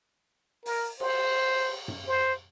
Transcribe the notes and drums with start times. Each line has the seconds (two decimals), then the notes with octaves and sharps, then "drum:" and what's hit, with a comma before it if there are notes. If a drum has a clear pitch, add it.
0.66 A#4, drum: open hi-hat
1.00 C5, drum: cymbal
1.88 drum: tom F#2
2.08 C5